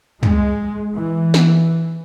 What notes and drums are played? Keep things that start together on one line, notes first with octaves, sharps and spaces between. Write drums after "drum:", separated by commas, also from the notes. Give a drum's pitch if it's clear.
G#3, drum: tom
E3
drum: snare